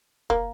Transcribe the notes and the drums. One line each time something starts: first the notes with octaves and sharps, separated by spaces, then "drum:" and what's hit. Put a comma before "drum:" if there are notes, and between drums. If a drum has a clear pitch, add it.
A#3, drum: kick